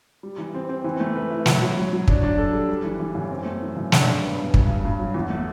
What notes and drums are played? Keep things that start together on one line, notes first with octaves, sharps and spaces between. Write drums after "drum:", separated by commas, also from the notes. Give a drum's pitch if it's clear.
G3
E3
C4
C4
E3
A3
B4
E4
F#3, drum: snare
F#3
F#3
F#3
D4, drum: kick
D4
A4
G3
G3
E3
E3
F#2
C4
A3
E3
F#2
D4, drum: snare
G2
B3
G2
G2, drum: kick
G2
G2
F#3
E2
A3